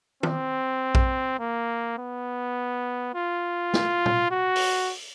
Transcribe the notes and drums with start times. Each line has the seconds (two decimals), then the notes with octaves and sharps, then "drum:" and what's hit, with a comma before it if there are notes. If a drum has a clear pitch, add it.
0.23 C4, drum: tom D#3
0.95 drum: kick A#1
1.40 A#3
1.98 B3
3.15 F4
3.74 drum: snare
4.06 drum: tom
4.31 F#4
4.56 drum: open hi-hat